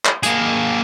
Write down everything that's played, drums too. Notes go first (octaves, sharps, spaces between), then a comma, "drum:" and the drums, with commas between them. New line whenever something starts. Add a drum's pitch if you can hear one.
drum: clap
A#3 G#4, drum: hi-hat